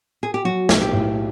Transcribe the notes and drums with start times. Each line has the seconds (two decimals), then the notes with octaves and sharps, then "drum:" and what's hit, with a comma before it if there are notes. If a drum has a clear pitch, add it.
0.23 G#4
0.34 G4
0.44 F#3 F#4
0.69 B1, drum: snare
0.82 G4
0.93 A2